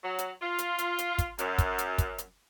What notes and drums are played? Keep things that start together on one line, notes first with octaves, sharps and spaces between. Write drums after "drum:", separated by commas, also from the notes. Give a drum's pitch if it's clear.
F#3
drum: hi-hat
F4
drum: hi-hat
drum: hi-hat
drum: hi-hat
drum: kick, hi-hat
F#2, drum: hi-hat
drum: kick, hi-hat
drum: hi-hat
drum: kick, hi-hat
drum: hi-hat